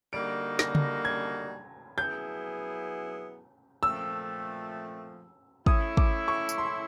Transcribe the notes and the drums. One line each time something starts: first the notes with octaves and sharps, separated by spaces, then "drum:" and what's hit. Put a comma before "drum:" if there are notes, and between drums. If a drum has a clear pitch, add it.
D3 G3 A#3 D#4 F#4 D7
A#6, drum: snare
drum: tom C#3
G#6
F#3 B3 E4 G#4 G6
A#2 F3 A3 C4 E6
A3 C#4 E4 D#6, drum: kick
D6, drum: kick
C#6
drum: tambourine
C6